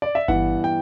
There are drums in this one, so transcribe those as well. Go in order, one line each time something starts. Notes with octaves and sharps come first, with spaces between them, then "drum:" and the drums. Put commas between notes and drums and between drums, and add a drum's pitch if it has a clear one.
D5
E5
G2 E3 B3 F#5, drum: kick G1
G5